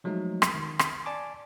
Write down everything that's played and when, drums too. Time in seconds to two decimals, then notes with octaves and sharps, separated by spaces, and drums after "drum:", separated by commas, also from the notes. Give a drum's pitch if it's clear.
0.04 F3 F#3 G#3 A3 D#4
0.42 drum: rim click
0.54 D#3
0.79 drum: rim click
1.06 D5 G#5 A5 D6